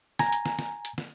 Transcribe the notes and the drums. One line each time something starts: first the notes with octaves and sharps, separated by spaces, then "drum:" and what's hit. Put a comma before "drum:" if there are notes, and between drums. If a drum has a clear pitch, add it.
G#5 A#5, drum: snare
drum: hi-hat
drum: snare
drum: snare
drum: hi-hat
drum: snare